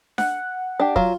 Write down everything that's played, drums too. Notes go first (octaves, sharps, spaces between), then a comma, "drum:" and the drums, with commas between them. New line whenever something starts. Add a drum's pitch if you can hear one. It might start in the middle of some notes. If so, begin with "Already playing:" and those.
F#5, drum: snare D4
D4 G4
F#3 F4, drum: kick